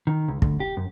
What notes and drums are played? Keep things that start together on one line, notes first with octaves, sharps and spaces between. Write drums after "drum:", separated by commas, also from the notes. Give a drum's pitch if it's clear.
D#3
C#2
D2, drum: kick
G4
F#2